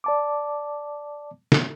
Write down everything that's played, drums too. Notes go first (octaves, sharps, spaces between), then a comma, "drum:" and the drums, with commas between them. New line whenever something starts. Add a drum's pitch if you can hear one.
D5 A5 D6
drum: snare